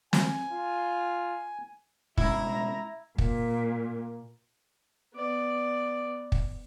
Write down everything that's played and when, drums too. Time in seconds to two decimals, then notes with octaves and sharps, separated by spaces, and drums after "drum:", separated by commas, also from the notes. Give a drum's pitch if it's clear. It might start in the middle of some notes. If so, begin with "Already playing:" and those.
0.13 G#5, drum: snare
0.52 F4
2.18 B2 G#3 C#4 E4 E5 A#5, drum: kick
3.18 A#2, drum: kick
5.15 B3 D5
6.32 drum: kick